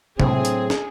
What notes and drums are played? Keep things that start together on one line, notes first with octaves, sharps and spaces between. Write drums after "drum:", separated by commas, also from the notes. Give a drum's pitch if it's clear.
A2 F#3 C4 D4 G#4, drum: tom C3
drum: hi-hat
drum: snare